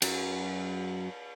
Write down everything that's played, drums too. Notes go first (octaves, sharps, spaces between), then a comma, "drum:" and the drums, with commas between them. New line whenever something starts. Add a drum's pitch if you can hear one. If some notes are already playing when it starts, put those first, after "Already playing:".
F#2 F#3, drum: cymbal